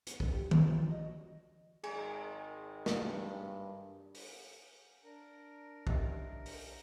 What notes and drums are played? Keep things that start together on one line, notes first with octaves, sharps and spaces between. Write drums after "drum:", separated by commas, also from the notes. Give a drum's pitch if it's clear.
B3, drum: hi-hat
G#3, drum: kick
G4
B3, drum: tom
F4
D4
D#5
F#4
G#1 D#3 G#3 G#4 G#5 C#6, drum: cymbal
G2, drum: snare
drum: open hi-hat
D4 A#4
G4 D#5 E5, drum: kick
drum: open hi-hat